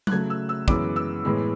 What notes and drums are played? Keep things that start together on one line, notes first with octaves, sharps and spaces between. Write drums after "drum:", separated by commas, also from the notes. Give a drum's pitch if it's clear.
F#6, drum: tom F#3
C#3 F#3 A3 G#6
E6
E6
F#2 E3 G#3 B3 D6, drum: kick
E6
A2 E3 G#3 B3